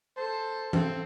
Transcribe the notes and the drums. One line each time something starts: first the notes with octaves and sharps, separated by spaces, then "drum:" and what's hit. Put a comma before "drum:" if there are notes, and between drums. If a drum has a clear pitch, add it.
A4 C5 A5
C4 A4, drum: tom E3